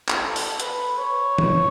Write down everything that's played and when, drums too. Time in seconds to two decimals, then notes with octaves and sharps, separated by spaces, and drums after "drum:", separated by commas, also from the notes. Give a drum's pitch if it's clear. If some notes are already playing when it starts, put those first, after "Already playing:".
0.08 drum: clap
0.21 A4
0.36 drum: open hi-hat
0.60 B4, drum: hi-hat
0.98 C#5
1.38 drum: tom